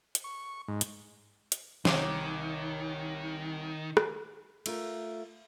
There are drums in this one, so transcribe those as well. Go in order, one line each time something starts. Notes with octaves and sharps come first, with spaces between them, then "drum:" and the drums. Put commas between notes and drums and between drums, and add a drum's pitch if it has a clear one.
drum: hi-hat
C#6
G#2
drum: hi-hat
drum: hi-hat
C2 D#3 C#5 D6, drum: snare
drum: rim click
A3 F4 A#4, drum: cymbal